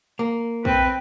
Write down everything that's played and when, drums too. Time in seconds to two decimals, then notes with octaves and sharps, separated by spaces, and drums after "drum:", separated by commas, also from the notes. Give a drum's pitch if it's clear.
0.19 A#3
0.65 C4 B4, drum: kick